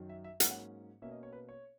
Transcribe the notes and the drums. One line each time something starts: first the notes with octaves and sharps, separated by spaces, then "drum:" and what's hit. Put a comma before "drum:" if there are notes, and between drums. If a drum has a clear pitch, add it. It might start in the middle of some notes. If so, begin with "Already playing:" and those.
Already playing: F#2 D#3 F#3
E5
E5
G#2 F#3 A#3 C#4 F#5, drum: hi-hat
F#5
B2 A#3 C#4 E5
D#5
C#5
B4
C#5